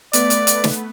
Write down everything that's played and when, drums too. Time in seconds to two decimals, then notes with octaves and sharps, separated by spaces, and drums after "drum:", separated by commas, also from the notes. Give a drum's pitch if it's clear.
0.13 A3 B3 B4 D5, drum: hi-hat
0.30 drum: hi-hat
0.47 drum: hi-hat
0.64 drum: snare